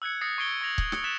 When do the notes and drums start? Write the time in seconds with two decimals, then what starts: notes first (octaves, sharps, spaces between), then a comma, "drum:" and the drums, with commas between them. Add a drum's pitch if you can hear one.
0.02 E6 F#6 G#6 C#7
0.21 D#6 E6 A6 A#6 C7 C#7
0.38 C#6 G#6 C7 D7 G7
0.61 C#6 G#6 A#6 F7 F#7
0.78 drum: kick
0.92 C#7, drum: snare
1.04 F#6 A6 B6 E7 F7